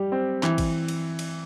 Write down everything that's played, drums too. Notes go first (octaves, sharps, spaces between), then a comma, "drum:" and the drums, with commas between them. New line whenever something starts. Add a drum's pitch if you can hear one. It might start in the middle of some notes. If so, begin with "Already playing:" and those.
Already playing: G3 G4
C4
E3, drum: clap
drum: kick A1, cymbal
drum: cymbal
drum: cymbal